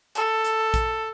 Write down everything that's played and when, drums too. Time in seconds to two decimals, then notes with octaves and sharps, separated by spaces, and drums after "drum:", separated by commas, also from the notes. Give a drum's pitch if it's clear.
0.15 A4, drum: hi-hat
0.45 drum: hi-hat
0.74 drum: kick A#1, hi-hat